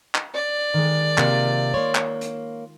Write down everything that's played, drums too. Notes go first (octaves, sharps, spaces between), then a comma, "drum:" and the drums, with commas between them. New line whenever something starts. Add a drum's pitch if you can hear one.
drum: clap
D5
D#3 G#3
C3 A#3 F4, drum: clap
A#3 C#5 C6
drum: clap
drum: hi-hat